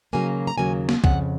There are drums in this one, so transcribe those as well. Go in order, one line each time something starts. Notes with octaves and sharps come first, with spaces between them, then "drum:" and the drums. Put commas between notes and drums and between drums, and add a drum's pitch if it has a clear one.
D#2 C#3 F#3 A#3 G#5
A#5
D#2 C#3 F#3 A#3 G#5
drum: snare
F2 C#3 F#5, drum: kick